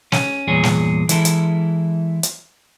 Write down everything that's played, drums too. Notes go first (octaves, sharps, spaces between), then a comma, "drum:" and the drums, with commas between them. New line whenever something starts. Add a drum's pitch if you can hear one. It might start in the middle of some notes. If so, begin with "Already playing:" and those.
C#4, drum: snare
E2 G2 A#2 G#4 C#5
drum: snare
E3 G#3 E4 A4, drum: hi-hat
drum: hi-hat
drum: hi-hat